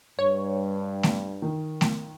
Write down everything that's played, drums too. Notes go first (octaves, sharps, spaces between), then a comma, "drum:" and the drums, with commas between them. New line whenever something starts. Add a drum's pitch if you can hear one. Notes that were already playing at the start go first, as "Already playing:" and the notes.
G2 C#5
drum: snare A3
D#3
drum: snare A3